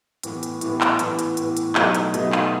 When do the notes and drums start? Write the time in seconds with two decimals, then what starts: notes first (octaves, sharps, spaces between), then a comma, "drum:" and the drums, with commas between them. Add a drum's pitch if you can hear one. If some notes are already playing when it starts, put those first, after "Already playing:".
0.23 A2 E3 B3, drum: hi-hat
0.43 drum: hi-hat
0.61 A2 E3 B3, drum: hi-hat
0.81 drum: clap
0.99 A2 E3 B3, drum: hi-hat
1.19 drum: hi-hat
1.37 A2 E3 B3, drum: hi-hat
1.57 drum: hi-hat
1.75 B2 F#3 A3 D#4, drum: clap
1.95 drum: hi-hat
2.14 B2 F#3 A3 D#4, drum: hi-hat
2.32 drum: clap